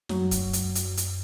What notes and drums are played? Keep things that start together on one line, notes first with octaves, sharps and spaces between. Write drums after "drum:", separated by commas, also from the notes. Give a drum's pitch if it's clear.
F#2 F#3, drum: snare
drum: kick, hi-hat
drum: hi-hat
drum: hi-hat
drum: hi-hat